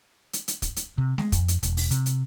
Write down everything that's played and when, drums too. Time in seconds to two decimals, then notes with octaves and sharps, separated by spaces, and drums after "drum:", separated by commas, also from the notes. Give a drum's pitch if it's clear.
0.33 drum: hi-hat
0.48 drum: hi-hat
0.62 drum: kick, hi-hat
0.76 drum: hi-hat
0.98 C3
1.18 G#3, drum: snare
1.32 F2, drum: kick, hi-hat
1.48 drum: hi-hat
1.63 E1, drum: hi-hat
1.77 drum: open hi-hat
1.91 C3, drum: hi-hat
2.06 drum: hi-hat